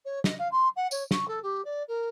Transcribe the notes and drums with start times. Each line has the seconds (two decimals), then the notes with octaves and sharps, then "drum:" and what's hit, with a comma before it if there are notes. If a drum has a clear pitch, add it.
0.05 C#5
0.24 D#5, drum: snare
0.39 F5
0.51 C6
0.76 F#5
0.91 C#5, drum: tambourine
1.11 C#6, drum: snare
1.28 A4
1.42 G4
1.64 D5
1.88 A#4